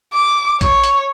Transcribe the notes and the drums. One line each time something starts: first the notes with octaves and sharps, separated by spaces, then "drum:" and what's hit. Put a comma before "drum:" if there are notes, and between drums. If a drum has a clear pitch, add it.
D6
C#5, drum: kick, hi-hat
drum: hi-hat